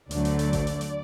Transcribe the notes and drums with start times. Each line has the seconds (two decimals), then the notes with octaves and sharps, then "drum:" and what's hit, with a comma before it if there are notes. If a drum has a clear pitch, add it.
0.11 D2 D3 F#3 A3 D5, drum: hi-hat
0.25 drum: hi-hat
0.39 drum: hi-hat
0.53 drum: kick A1, hi-hat
0.67 drum: hi-hat
0.81 drum: hi-hat